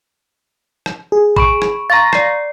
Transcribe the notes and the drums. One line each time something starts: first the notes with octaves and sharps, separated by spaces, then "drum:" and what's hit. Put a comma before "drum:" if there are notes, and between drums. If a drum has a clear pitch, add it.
drum: rim click
G#4
B5 C#6 D7, drum: kick G#1
drum: rim click
F5 A#5 C6 C#6 A6 A#6
D5 C7, drum: rim click